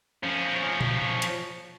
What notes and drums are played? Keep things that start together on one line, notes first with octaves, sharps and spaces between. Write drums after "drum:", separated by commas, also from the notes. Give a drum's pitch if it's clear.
F3 C#4
drum: tom A#2
drum: hi-hat